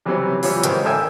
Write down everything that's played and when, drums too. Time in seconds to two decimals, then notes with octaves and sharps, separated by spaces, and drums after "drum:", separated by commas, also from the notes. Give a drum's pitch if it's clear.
0.05 C3 E3 F#3 G3 C4 C#4
0.43 E3 F#3 G3 C#4 F4, drum: open hi-hat
0.63 G#2 D#3 A#4 C5 G5, drum: hi-hat
0.85 A4 A#4 C5 E5 G5 G#5